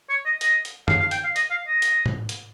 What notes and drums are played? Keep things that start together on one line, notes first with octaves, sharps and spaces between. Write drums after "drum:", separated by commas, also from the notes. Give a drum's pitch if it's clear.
C#5
D#5
D#5, drum: hi-hat
drum: hi-hat
F5, drum: tom F#2
F5
G5, drum: hi-hat
F5
D#5, drum: hi-hat
F5
D#5
drum: hi-hat
drum: tom A2
drum: hi-hat